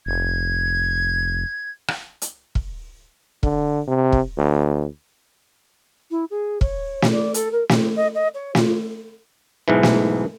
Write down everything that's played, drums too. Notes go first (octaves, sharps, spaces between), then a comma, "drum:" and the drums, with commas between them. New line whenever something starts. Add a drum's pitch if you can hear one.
F1 G#6
drum: rim click
drum: hi-hat
drum: kick
D3, drum: kick
C3
drum: kick
D2
E4
G#4
C#5, drum: kick
drum: snare
D5
A4, drum: hi-hat
A#4
C4, drum: snare
D#5
D#5
C#5
F4, drum: snare
B1 G#2 E3
drum: snare